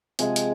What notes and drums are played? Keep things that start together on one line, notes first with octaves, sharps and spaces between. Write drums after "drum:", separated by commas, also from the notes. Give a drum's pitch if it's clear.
C3 F3 G#3 G#4, drum: hi-hat
drum: hi-hat